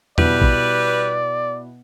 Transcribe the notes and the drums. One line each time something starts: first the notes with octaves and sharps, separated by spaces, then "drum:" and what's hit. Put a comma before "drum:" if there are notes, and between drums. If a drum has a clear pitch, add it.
B2 G3 B3 E4 B4 D5, drum: tom E2
drum: kick